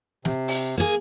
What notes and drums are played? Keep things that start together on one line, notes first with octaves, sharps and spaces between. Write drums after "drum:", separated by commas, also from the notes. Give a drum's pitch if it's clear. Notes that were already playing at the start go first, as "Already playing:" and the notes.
C3, drum: snare
drum: open hi-hat
A#3 G#4